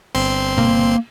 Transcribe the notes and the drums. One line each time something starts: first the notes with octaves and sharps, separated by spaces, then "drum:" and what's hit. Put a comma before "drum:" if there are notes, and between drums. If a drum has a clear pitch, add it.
G1 C4 C6, drum: cymbal
A#3, drum: tom B2